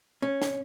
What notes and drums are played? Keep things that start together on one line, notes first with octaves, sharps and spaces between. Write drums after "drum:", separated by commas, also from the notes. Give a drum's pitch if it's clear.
C#4
drum: snare